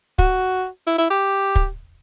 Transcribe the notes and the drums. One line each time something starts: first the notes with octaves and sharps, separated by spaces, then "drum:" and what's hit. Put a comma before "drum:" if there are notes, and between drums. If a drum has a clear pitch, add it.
F#4, drum: kick
E4
E4
G4
drum: kick